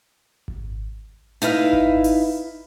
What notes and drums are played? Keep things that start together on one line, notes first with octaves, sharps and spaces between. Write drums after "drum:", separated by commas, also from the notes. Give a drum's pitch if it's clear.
drum: kick G#1
D#4 E4 B4 F5, drum: hi-hat
drum: kick G#1
drum: open hi-hat